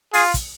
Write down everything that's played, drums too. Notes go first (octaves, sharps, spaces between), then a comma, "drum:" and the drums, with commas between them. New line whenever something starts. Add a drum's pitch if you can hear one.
F4 G#4, drum: open hi-hat
drum: kick, hi-hat